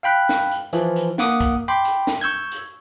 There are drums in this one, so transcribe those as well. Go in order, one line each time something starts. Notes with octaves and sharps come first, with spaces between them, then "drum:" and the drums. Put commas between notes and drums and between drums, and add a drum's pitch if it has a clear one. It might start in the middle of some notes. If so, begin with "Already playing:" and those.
F5 G5 B5 F#6
drum: snare
drum: hi-hat
E3 F3, drum: hi-hat
drum: hi-hat
A#3 F#5 D6 D#6, drum: snare
drum: kick, hi-hat
G5 B5 C6 D6
drum: hi-hat
drum: snare
C#6 E6 G6 G#6
drum: hi-hat